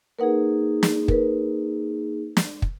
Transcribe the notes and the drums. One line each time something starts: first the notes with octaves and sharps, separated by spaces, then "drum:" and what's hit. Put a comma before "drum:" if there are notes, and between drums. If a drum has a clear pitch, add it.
A#3 D#4 G#4 A#4 B4 F#5
drum: snare
A#4 B4, drum: kick
drum: snare
drum: kick